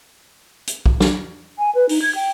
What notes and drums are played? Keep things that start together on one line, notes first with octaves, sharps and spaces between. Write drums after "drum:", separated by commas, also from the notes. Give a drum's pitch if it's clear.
drum: hi-hat
drum: kick B1
drum: snare
G#5
B4
D#4, drum: open hi-hat
G#6
G5